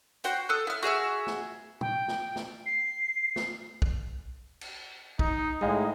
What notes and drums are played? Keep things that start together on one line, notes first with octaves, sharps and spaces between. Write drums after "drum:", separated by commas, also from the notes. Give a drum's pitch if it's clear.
F#4 C5 F#5 G5, drum: hi-hat
A4 D#6 F#6
E4 F6
F#4 G#4 E5 F6
drum: snare
G5, drum: tom
drum: snare
drum: snare
C7
drum: snare
drum: kick
drum: cymbal
D#4, drum: kick
A2 G#3 D#4 D#5 F5